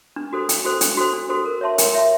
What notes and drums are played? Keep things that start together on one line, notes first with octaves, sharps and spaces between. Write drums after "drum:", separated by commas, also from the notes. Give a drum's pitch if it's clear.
D4
F#4 A4 C5
D4, drum: hi-hat
F#4 A4 C5
D4, drum: hi-hat
F#4 A4 C5
D4
F#4 A4 C5
A#4
C#5 E5 A5 C6
A#4, drum: hi-hat
C#5 E5 A5 C6